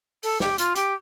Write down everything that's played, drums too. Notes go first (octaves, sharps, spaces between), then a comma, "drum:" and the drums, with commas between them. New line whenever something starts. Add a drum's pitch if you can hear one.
A4, drum: open hi-hat
G4, drum: snare
F4, drum: hi-hat
G4, drum: hi-hat